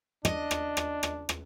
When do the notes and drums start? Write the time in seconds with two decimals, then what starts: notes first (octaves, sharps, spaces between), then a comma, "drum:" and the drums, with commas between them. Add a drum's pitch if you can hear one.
0.25 D4 D#5, drum: rim click
0.51 drum: rim click
0.77 drum: rim click
1.03 drum: rim click
1.29 drum: rim click